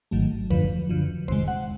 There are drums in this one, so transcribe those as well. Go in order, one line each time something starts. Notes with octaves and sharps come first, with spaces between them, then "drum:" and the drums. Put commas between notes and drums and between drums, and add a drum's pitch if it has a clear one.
G#1 G#2 D#3 F#3 A3
F#2 D3 F3 B4, drum: kick F#1
F#2 D3 F3
F2 C3 D#3 G#3 C5, drum: kick F#1
F#5